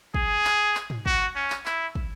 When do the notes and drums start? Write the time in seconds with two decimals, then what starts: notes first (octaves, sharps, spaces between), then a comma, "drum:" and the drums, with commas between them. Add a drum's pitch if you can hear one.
0.14 G#4, drum: kick
0.45 drum: clap
0.75 drum: clap
0.90 drum: tom
1.06 F#4, drum: kick
1.35 C#4
1.50 drum: clap
1.66 E4, drum: clap
1.95 drum: kick